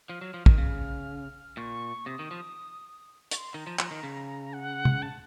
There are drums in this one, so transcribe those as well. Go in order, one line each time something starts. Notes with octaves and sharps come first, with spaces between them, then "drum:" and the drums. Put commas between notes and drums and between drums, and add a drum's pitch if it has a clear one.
F3 F6
F#3
F3
D#3, drum: kick
C#3
A#2 C#6
C3 D#6
D#3
F3
C#6, drum: hi-hat
C6
D#3 A#5
F3
F3, drum: clap
D#3
C#3
F#5
drum: tom C3
A5